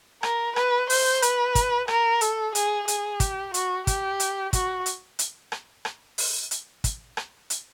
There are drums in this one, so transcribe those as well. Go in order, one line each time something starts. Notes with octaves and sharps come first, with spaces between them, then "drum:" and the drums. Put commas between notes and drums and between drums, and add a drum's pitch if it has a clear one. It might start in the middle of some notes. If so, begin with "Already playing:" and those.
A#4, drum: rim click
B4, drum: rim click
C5, drum: open hi-hat
B4, drum: hi-hat
drum: kick, hi-hat
A#4, drum: rim click
A4, drum: hi-hat
G#4, drum: hi-hat
G#4, drum: hi-hat
G4, drum: kick, hi-hat
F#4, drum: hi-hat
G4, drum: kick, hi-hat
drum: hi-hat
F#4, drum: kick, hi-hat
drum: hi-hat
drum: hi-hat
drum: rim click
drum: rim click
drum: open hi-hat
drum: hi-hat
drum: kick, hi-hat
drum: rim click
drum: hi-hat